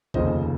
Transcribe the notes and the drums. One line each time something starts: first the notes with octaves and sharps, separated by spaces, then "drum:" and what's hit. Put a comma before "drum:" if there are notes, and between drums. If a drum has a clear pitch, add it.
F1 D#2 C#3 F3 C5 D#5, drum: kick